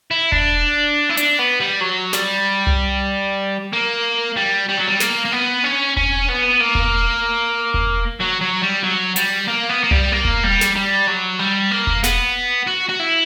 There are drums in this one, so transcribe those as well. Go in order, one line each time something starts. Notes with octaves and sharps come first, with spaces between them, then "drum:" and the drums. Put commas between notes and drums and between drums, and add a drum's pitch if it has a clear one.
E4
D4, drum: kick E1
E4
D4, drum: hi-hat
B3
G3
F#3
G3, drum: snare
drum: tom C2
A#3
G3
G3
F#3
G3
A#3, drum: snare
A#3
B3
C#4
C#4, drum: kick E1
B3
A#3
drum: kick E1
drum: kick E1
F#3
F#3
G3
F#3
G3, drum: hi-hat
A#3
B3
A#3
G3, drum: tom C2
A#3
drum: kick E1
G3
drum: snare
G3
F#3
G3
A#3
drum: kick E1
B3, drum: snare
F#4
F#4
E4